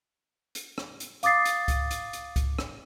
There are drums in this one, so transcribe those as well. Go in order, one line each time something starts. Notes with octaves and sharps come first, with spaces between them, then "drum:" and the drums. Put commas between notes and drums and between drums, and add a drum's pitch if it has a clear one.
drum: hi-hat
drum: rim click
drum: hi-hat
F5 D6 D#6 A6 C7, drum: hi-hat
drum: hi-hat
drum: kick C#2, hi-hat
drum: hi-hat
drum: hi-hat
drum: kick C#2, hi-hat
drum: rim click